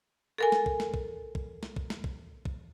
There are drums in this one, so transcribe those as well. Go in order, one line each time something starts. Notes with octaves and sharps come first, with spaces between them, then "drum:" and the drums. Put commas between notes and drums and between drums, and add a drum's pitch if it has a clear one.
A4 A#4 G#5
drum: snare
drum: kick
drum: snare
drum: kick
drum: kick
drum: snare
drum: kick
drum: snare
drum: kick
drum: kick